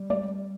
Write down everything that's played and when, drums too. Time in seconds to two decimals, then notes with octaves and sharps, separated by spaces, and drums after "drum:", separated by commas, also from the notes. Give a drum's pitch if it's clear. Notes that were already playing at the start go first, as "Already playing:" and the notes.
Already playing: G3
0.10 D5, drum: tom G#3